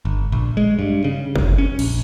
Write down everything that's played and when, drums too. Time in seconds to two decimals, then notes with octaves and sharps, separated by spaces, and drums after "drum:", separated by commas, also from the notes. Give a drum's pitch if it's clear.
0.05 G1
0.32 A#1
0.57 G#3
0.79 G2
1.04 C#3
1.36 F1, drum: kick
1.58 C#4
1.79 A#1, drum: cymbal